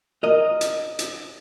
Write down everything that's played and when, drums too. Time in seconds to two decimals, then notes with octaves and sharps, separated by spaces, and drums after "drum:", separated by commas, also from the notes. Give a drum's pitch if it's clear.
0.23 A#4 D#5
0.61 drum: hi-hat
0.99 drum: hi-hat